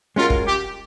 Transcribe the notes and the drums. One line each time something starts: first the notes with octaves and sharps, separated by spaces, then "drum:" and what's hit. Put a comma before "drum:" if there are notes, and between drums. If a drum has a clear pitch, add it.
G#3 C#4 F4 F#4 A#4
drum: kick
G4